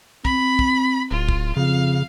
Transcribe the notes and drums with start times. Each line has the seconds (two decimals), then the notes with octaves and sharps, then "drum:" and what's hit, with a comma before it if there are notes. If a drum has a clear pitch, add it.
0.25 C4 B5, drum: kick
0.59 drum: kick
1.11 D1 F4
1.29 drum: kick
1.57 F2 C#3 F5